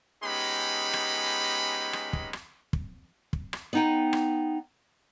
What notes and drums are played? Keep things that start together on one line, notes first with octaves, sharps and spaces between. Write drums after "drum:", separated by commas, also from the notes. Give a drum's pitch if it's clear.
G#3 B3 C#4 D#4 G4 B5
drum: rim click
drum: rim click
drum: kick
drum: rim click
drum: kick
drum: kick
drum: rim click
B3 D#4 G5
drum: rim click